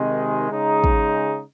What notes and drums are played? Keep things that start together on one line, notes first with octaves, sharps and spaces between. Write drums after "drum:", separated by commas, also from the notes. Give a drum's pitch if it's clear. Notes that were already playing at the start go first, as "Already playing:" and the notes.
Already playing: C3 D#3 G#3
C#3 G#3 D#4
drum: kick